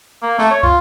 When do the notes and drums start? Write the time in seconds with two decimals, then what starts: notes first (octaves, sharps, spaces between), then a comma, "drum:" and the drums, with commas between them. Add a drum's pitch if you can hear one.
0.22 A#3
0.39 A3, drum: snare
0.51 C#5
0.63 F4, drum: kick